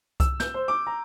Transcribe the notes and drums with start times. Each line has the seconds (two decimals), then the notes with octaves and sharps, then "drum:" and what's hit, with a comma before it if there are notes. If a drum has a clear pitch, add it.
0.20 E6, drum: kick C2, hi-hat
0.40 G6, drum: snare
0.54 C5
0.68 D6
0.87 A#5